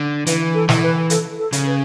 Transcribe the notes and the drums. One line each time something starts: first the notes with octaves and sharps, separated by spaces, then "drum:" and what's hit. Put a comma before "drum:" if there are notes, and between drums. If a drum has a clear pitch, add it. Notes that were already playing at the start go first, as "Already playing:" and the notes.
Already playing: D3
E3 B4, drum: hi-hat
A4
E3, drum: snare
B4
A4, drum: hi-hat
A4
C#3, drum: hi-hat
B4